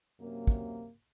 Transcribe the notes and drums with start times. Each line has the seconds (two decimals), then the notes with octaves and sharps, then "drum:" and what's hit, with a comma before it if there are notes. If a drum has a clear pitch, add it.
0.19 F#2 C3 A#3
0.47 drum: kick